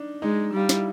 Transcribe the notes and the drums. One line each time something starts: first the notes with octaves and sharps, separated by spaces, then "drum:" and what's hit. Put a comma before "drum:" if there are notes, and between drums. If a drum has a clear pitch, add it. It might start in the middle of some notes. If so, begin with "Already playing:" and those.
Already playing: D4 D#4
G#3 D#4
G3 F4
E4, drum: snare